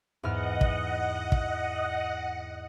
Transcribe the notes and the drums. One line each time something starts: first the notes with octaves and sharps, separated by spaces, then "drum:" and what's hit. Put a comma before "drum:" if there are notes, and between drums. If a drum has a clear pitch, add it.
E2 G#2 D#5 F#5 F6
drum: kick
drum: kick